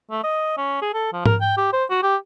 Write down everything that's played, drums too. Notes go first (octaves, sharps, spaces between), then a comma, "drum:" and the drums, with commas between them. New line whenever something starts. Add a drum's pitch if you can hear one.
A3
D#5
C#4
G#4
A4
F3
A#4, drum: tom G#2
G5
G4
C5
F#4
G4